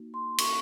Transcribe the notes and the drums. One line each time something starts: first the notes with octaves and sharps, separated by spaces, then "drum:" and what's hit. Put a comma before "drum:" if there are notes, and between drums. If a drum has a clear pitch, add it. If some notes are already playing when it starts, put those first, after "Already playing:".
Already playing: A#3 D#4 F#4
C6
C#6, drum: cymbal